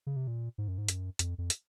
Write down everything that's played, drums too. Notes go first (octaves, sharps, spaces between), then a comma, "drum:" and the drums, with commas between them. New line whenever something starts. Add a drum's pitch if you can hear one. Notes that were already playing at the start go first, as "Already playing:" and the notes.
C#3
C3
A#2
G#2
F#2
G#2
F#2, drum: hi-hat
F2, drum: hi-hat
F2
drum: hi-hat